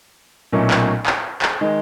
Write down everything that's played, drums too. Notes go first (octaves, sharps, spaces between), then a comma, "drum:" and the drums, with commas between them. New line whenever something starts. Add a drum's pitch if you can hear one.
B1 A#2 F#3 A3 C#4
drum: clap
drum: clap
drum: clap
D#3 G#3